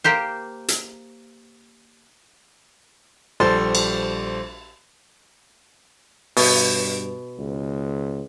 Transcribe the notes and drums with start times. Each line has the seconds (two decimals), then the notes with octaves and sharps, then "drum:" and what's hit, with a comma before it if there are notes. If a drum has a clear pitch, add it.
0.04 A#3 G4 C5
0.68 drum: hi-hat
3.40 A#1 G3 A4 C5 C6 A6
3.75 drum: cymbal
6.37 G2 B2, drum: open hi-hat
7.38 C#2